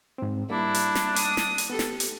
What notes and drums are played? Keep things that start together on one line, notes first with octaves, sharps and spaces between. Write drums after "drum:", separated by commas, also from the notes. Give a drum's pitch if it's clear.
G#2 C4
G3 A#3 D4 E4
drum: hi-hat
drum: snare
D#6, drum: hi-hat
drum: snare
drum: hi-hat
B3 G4 A4
drum: snare
drum: hi-hat